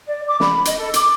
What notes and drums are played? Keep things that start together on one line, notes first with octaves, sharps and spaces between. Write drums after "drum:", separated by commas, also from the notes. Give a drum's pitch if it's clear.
D5
D6
B5, drum: snare
D#5, drum: hi-hat
A4
D6, drum: hi-hat